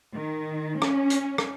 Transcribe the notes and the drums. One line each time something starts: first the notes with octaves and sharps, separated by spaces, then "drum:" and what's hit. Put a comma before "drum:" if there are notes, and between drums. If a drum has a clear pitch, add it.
D#3
C#4, drum: rim click
drum: hi-hat
drum: rim click